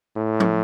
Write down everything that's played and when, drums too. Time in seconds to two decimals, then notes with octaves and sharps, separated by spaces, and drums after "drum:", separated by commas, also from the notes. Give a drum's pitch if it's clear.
0.16 A2
0.40 drum: tom F3